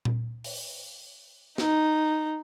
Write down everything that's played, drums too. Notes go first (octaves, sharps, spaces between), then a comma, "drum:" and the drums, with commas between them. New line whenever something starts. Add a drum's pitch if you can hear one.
drum: tom A#2
drum: open hi-hat
D#4, drum: snare